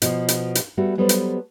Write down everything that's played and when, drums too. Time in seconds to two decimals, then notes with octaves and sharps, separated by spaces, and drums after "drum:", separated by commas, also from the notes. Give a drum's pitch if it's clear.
0.02 B2 F3, drum: hi-hat
0.28 drum: hi-hat
0.55 drum: hi-hat
0.77 G3 A3 B3 F#4
0.98 F#3 G3 B3 A4 B4 C5
1.09 drum: hi-hat